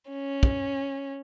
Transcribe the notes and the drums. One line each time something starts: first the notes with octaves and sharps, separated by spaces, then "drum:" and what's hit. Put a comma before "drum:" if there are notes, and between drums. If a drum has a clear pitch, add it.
C#4
drum: kick